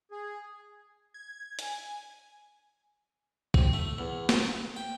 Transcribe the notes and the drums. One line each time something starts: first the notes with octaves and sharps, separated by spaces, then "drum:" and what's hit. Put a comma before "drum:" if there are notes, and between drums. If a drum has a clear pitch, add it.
G#4
G#6
G#5, drum: hi-hat
C4, drum: kick
A3
E2
A5, drum: snare
G5